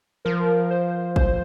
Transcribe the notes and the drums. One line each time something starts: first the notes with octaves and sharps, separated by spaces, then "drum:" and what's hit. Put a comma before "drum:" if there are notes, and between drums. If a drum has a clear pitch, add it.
F3 A#4
C5
C5, drum: kick